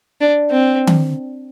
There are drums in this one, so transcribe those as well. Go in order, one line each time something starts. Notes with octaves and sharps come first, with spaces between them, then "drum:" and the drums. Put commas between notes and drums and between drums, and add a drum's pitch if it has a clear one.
D4
C4
drum: tom D#3